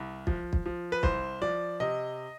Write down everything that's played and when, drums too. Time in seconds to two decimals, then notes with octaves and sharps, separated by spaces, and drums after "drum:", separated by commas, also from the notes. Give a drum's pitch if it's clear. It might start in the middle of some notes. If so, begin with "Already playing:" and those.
Already playing: C2
0.27 F3, drum: kick
0.53 drum: kick
0.66 F3
0.92 B4
1.03 C2 C5, drum: kick
1.42 F3 D5
1.80 C3 D#5